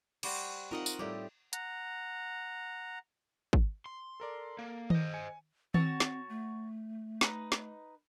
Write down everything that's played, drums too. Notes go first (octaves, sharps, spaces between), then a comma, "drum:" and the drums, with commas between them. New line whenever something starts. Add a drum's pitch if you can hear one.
G3 F#4 C5, drum: cymbal
C4 D#4 F4 A#4 D#5 F#5
drum: tambourine
A2 G3 G4 D5 E5
F#5 A#5, drum: hi-hat
drum: kick
C6
A4 A#4 D5
A#3
C5 D#5, drum: tom D#3
G#5 C#7
C4 F#4 C#5 A5, drum: tom D#3
drum: snare
A3
D#4 B4, drum: snare
drum: snare